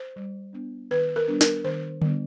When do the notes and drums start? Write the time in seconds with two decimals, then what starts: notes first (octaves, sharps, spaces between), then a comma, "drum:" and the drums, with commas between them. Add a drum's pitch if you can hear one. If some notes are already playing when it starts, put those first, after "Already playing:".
Already playing: C5
0.16 G3
0.53 B3 D4
0.91 D#3 B4
1.16 A#4
1.28 G3 B3 D4
1.41 A#4, drum: snare
1.64 D#3 C5
2.02 G3 B3 D4, drum: tom D3